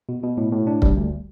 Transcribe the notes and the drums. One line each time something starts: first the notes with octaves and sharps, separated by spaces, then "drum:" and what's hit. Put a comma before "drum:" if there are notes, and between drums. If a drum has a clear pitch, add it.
B2
B2
A2
A2
D4
G3, drum: kick C#1
D2